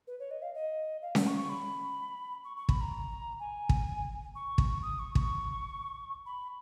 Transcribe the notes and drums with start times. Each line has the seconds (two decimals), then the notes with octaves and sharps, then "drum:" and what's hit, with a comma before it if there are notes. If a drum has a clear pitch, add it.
0.07 B4
0.20 C#5
0.31 D#5
0.42 F5
0.54 D#5
1.02 F5
1.15 F#5, drum: snare C#4
1.27 C#6
1.38 C#6
1.49 B5
2.45 C#6
2.57 C#6
2.69 B5, drum: kick
2.81 A#5
3.40 G#5
3.69 drum: kick
4.35 C#6
4.58 drum: kick
4.82 D#6
4.99 C#6
5.15 C#6, drum: kick
6.26 B5